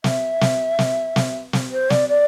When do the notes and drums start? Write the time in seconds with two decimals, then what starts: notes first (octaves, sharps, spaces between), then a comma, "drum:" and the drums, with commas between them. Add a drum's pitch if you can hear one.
0.04 E5, drum: snare
0.41 drum: snare
0.79 drum: snare
1.16 drum: snare
1.53 drum: snare
1.72 C5
1.90 D5, drum: snare
2.09 D5